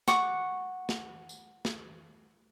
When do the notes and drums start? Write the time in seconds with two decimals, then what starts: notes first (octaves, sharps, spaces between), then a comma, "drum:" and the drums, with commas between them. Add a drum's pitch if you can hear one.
0.08 F#5 C#6 D6, drum: snare
0.89 drum: snare
1.29 drum: tambourine
1.65 drum: snare